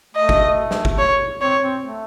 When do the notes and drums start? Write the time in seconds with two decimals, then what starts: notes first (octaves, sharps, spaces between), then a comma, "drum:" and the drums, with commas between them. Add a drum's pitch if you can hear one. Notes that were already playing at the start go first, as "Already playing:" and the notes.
0.15 A3 D#5
0.29 drum: kick G1
0.71 drum: snare
0.85 drum: kick G1
0.98 C#5
1.41 C4 C#5
1.62 C4
1.83 A3